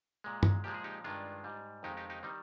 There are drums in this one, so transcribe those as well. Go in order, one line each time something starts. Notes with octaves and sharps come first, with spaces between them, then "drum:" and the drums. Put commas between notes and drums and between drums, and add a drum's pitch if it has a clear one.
A#2 G#3
drum: tom G2
A#2 F3 G#3 G4
G#4
D#4 G4
G2 D#3 G#3 D4 F4
G#2 G3
F2 D#3 G#3 D#4 G4
D#4 G4
D#4 G4
D#3 G3 C4 D#4